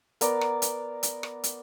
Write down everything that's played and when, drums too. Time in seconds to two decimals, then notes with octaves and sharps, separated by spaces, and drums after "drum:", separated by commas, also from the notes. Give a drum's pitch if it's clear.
0.21 B3 A#4 D5, drum: hi-hat
0.41 drum: rim click
0.62 drum: hi-hat
1.03 drum: hi-hat
1.23 drum: rim click
1.44 drum: hi-hat